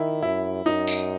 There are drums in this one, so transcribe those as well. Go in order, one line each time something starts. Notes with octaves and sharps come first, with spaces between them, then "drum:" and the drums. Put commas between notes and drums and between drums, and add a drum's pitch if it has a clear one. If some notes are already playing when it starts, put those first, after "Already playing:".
Already playing: D#3 E4
F#2 E4
F#2 D#4
drum: tambourine